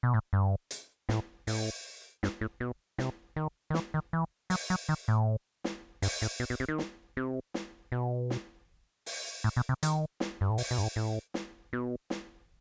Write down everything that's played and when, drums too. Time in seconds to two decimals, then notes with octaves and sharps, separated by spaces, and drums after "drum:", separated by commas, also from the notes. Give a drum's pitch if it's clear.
0.03 B2
0.14 A2
0.33 G2
0.71 drum: hi-hat
1.09 A2, drum: snare
1.47 A2, drum: open hi-hat
2.23 G2, drum: snare
2.41 A2
2.60 B2
2.98 C3, drum: snare
3.36 D#3
3.70 D#3
3.74 E3, drum: snare
3.94 D#3
4.13 E3
4.50 F#3, drum: open hi-hat
4.70 F#3
4.89 D#3
5.08 A2
5.64 drum: snare
6.02 G2, drum: open hi-hat
6.22 A2
6.40 B2
6.50 B2
6.60 C3
6.68 D#3
6.78 drum: snare
7.17 C3
7.54 drum: snare
7.92 B2
8.30 drum: snare
9.06 drum: open hi-hat
9.44 A2
9.57 B2
9.69 C3
9.83 D#3, drum: hi-hat
10.20 drum: snare
10.41 G2
10.50 A2
10.58 B2, drum: open hi-hat
10.71 B2
10.78 G2
10.83 A2
10.96 A2
11.34 drum: snare
11.73 B2
12.10 drum: snare